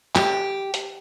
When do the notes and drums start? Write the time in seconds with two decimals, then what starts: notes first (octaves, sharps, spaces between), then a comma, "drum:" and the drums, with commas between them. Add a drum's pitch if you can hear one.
0.16 G4, drum: clap
0.74 drum: hi-hat